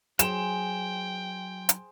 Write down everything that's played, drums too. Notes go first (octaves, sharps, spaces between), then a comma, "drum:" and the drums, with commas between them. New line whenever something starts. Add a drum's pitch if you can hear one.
F#3 G#4 C5 G5 E7, drum: hi-hat
drum: hi-hat